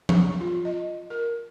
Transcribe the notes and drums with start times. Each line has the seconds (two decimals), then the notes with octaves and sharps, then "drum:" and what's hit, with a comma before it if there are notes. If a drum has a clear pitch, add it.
0.09 C#6, drum: tom F3
0.40 F4
0.65 D#5
1.10 A#4